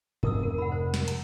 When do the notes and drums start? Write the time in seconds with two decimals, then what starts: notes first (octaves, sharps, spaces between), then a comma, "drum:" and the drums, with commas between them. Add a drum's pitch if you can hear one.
0.23 F1 A#4 D#6 E6, drum: tom G#2
0.43 A#4
0.58 F#5 B5
0.72 C5
0.94 drum: snare
1.08 A#5, drum: hi-hat